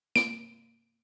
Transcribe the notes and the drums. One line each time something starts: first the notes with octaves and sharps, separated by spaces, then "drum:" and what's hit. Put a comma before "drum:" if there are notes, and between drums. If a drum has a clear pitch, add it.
D7, drum: snare